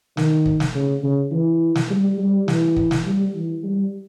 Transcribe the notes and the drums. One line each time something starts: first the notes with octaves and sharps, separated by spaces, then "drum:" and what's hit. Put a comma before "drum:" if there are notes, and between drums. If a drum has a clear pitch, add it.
D#3, drum: snare
drum: kick
drum: snare
C#3
C#3
E3
drum: snare
G3
G3
E3, drum: snare
drum: kick
drum: snare
G3
E3
G3